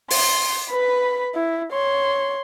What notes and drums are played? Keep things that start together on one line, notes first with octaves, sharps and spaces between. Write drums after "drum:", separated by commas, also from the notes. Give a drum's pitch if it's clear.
C6, drum: open hi-hat
B4 B5
E4
C#5 C6